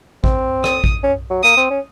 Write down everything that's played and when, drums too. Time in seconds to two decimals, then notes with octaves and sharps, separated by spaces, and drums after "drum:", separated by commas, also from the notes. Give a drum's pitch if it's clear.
0.24 C4, drum: kick A1
0.64 D#6, drum: rim click
0.84 drum: kick A1
1.03 C#4
1.30 F#3
1.43 A#3 D#6
1.57 C4
1.70 C#4